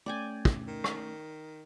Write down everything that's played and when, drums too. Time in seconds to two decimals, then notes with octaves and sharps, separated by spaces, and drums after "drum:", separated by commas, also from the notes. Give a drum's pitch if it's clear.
0.06 A3 C#4 D5 G5 G#5
0.45 drum: kick
0.68 D#3
0.84 drum: rim click